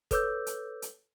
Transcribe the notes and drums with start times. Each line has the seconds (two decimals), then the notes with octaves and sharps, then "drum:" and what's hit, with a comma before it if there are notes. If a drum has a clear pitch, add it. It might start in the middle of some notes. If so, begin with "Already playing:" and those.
0.11 A4 B4 C#5 D6 E6 G6, drum: kick, hi-hat
0.47 drum: hi-hat
0.82 drum: hi-hat